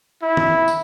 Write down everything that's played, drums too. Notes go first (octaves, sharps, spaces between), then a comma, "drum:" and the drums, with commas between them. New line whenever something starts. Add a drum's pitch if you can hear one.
E4
drum: tom
drum: tambourine